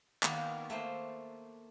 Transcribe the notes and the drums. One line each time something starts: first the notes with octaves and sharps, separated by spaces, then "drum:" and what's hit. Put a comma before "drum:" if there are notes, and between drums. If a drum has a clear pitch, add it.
D#3 A#3 B3 B4, drum: clap
A3 A#3 C5